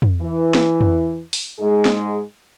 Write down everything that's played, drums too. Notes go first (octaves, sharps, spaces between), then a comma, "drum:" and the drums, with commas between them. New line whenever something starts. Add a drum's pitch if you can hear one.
drum: tom
E3
drum: snare
drum: tom
drum: open hi-hat
G#2 G#3 G#4
drum: snare